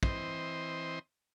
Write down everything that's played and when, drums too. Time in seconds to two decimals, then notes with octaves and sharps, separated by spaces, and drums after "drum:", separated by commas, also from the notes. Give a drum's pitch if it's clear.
0.03 E3 C4 C5 D#5, drum: kick